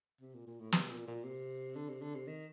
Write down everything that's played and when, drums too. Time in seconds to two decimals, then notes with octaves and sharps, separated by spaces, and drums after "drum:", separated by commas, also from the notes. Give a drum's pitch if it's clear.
0.21 C3
0.35 A#2
0.47 A#2
0.60 A2
0.72 C3, drum: snare
0.90 A#2
1.07 A#2
1.24 C3
1.76 D3
1.89 C3
2.02 D3
2.15 C3
2.28 D#3